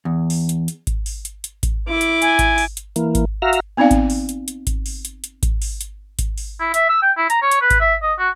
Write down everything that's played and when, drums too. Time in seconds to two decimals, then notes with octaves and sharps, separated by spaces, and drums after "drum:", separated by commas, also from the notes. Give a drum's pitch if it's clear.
0.05 E2
0.30 drum: open hi-hat
0.49 drum: hi-hat
0.68 drum: hi-hat
0.87 drum: kick G#1, hi-hat
1.06 drum: open hi-hat
1.25 drum: hi-hat
1.44 drum: hi-hat
1.63 drum: kick G#1, hi-hat
1.88 E4 D6
2.01 drum: hi-hat
2.22 G#5, drum: hi-hat
2.39 drum: kick G#1, hi-hat
2.58 drum: open hi-hat
2.77 drum: hi-hat
2.96 E3 A#3, drum: hi-hat
3.15 drum: kick G#1, hi-hat
3.42 F#4 E5 F5 A#5
3.53 drum: hi-hat
3.77 B3 C4 D#4 D5 F5
3.91 drum: kick G#1, hi-hat
4.10 drum: open hi-hat
4.29 drum: hi-hat
4.48 drum: hi-hat
4.67 drum: kick G#1, hi-hat
4.86 drum: open hi-hat
5.05 drum: hi-hat
5.24 drum: hi-hat
5.43 drum: kick G#1, hi-hat
5.62 drum: open hi-hat
5.81 drum: hi-hat
6.19 drum: kick G#1, hi-hat
6.38 drum: open hi-hat
6.60 E4
6.74 E5, drum: hi-hat
6.89 E6
7.02 G5
7.17 E4
7.30 A#5, drum: hi-hat
7.42 C#5
7.51 drum: hi-hat
7.61 B4
7.70 drum: kick G#1, hi-hat
7.81 E5
8.02 D#5
8.19 F#4